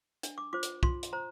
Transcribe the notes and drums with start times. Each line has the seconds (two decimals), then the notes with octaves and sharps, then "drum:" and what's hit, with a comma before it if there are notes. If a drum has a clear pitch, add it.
0.23 D4, drum: hi-hat
0.38 D6
0.53 F4 C5 D6
0.63 drum: hi-hat
0.83 F4 C6, drum: kick
1.03 drum: hi-hat
1.13 C5 A#5